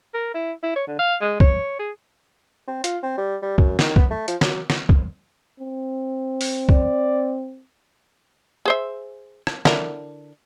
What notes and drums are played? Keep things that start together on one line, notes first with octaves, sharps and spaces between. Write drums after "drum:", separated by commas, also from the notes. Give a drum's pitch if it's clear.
A#4
E4
E4
C#5
D3
F5
G#3
C#5, drum: kick
G#4
C4
F4, drum: hi-hat
C4
G3
G3
F#2, drum: kick
D#3, drum: snare
B3, drum: kick
A3
F3, drum: hi-hat
F#3, drum: snare
drum: snare
drum: kick
C4
drum: open hi-hat
D5, drum: kick
G#4 C5 E5
drum: rim click
D3 E4 A#4, drum: snare